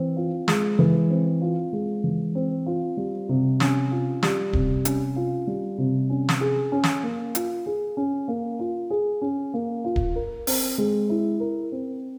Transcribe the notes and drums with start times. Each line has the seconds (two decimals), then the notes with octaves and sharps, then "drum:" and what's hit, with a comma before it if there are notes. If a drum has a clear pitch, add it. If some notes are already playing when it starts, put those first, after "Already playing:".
Already playing: E3 C4
0.17 F4
0.48 G#3, drum: snare
0.79 E3
1.10 C4
1.42 F4
1.73 G#3
2.04 E3
2.35 C4
2.66 F4
2.97 G3
3.29 C3
3.60 C#4, drum: snare
3.91 F4
4.23 G3, drum: snare
4.53 C3, drum: kick D1
4.85 C#4, drum: hi-hat
5.16 F4
5.47 G3
5.78 C3
6.10 C#4
6.29 drum: snare
6.41 G#4
6.72 C#4
6.83 drum: snare
7.03 A#3
7.35 F4, drum: hi-hat
7.66 G#4
7.97 C#4
8.28 A#3
8.59 F4
8.90 G#4
9.21 C#4
9.54 A#3
9.84 F4
9.96 drum: kick D1
10.16 A#4
10.47 C4, drum: open hi-hat
10.78 G#3
11.10 E4
11.40 A#4
11.72 C4